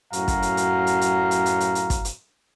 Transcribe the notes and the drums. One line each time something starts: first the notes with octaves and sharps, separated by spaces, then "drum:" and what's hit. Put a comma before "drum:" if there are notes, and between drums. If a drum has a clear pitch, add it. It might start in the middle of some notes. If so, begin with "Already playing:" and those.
F#2 A2 F#4 F5 A#5, drum: hi-hat
drum: kick, hi-hat
drum: hi-hat
drum: hi-hat
drum: hi-hat
drum: hi-hat
drum: hi-hat
drum: hi-hat
drum: hi-hat
drum: hi-hat
drum: kick, hi-hat
drum: hi-hat